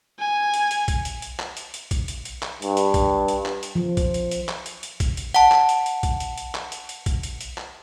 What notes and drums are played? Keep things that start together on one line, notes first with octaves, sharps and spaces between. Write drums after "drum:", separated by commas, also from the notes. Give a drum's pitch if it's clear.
G#5
drum: hi-hat
drum: hi-hat
drum: kick A#1, hi-hat
drum: hi-hat
drum: hi-hat
drum: clap
drum: hi-hat
drum: hi-hat
drum: kick A#1, hi-hat
drum: hi-hat
drum: hi-hat
drum: clap
G2, drum: hi-hat
drum: hi-hat
drum: kick A#1, hi-hat
drum: hi-hat
drum: clap
drum: hi-hat
F3
drum: kick A#1, hi-hat
drum: hi-hat
drum: hi-hat
drum: clap
drum: hi-hat
drum: hi-hat
drum: kick A#1, hi-hat
drum: hi-hat
F#5 A5, drum: hi-hat
drum: clap
drum: hi-hat
drum: hi-hat
drum: kick A#1, hi-hat
drum: hi-hat
drum: hi-hat
drum: clap
drum: hi-hat
drum: hi-hat
drum: kick A#1, hi-hat
drum: hi-hat
drum: hi-hat
drum: clap